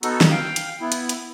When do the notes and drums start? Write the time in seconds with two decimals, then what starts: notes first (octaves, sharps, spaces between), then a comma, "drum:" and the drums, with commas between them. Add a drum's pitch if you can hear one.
0.03 B3 D#4 F#4 A4, drum: hi-hat
0.21 drum: snare
0.31 F5 G5
0.56 drum: hi-hat
0.81 B3 E4
0.92 drum: hi-hat
1.09 drum: hi-hat